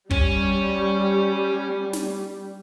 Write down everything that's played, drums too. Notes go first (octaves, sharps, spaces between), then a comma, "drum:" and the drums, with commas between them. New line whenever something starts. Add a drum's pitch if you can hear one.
G3 C#4, drum: kick
drum: snare